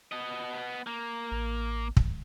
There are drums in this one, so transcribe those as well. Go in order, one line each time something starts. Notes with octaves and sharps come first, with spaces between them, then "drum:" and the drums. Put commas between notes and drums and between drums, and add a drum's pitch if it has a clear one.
B3 D#5
A#3
A1
drum: kick